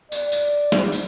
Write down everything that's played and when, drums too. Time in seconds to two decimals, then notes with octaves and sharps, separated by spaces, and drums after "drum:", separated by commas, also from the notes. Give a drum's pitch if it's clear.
0.12 D5, drum: tambourine
0.32 drum: tambourine
0.72 drum: snare
0.92 drum: tambourine